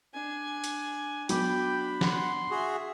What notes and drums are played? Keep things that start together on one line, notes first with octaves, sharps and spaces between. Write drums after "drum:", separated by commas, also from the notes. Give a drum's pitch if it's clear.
D4 G#5
drum: hi-hat
F#3 B3 D4 G5 B5 D6, drum: hi-hat
F#5 C6, drum: snare
F#4 G#4 E5